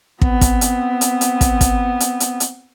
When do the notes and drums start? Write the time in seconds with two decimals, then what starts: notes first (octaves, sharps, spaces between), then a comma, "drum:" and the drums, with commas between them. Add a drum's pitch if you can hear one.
0.21 B3 C4, drum: kick
0.41 drum: kick, hi-hat
0.61 drum: hi-hat
1.01 drum: hi-hat
1.21 drum: hi-hat
1.41 drum: kick, hi-hat
1.61 drum: kick, hi-hat
2.00 drum: hi-hat
2.20 drum: hi-hat
2.40 drum: hi-hat